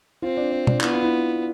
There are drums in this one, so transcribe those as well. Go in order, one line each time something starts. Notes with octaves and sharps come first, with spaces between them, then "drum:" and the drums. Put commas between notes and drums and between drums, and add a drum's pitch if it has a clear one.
C4 F4
D4
D4
D4, drum: tom B2
B3 E4, drum: clap
F4
E4